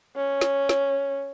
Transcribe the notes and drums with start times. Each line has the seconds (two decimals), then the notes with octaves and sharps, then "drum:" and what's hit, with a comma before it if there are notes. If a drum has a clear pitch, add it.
0.17 C#4
0.41 drum: snare
0.69 drum: snare